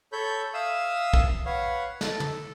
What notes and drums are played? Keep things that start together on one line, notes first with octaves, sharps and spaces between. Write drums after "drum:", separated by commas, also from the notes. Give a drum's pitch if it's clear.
A4 C#5 B5 G6
E5 F5 D#6 E6
drum: kick
B4 C#5 F5 F#5
A4, drum: snare
drum: tom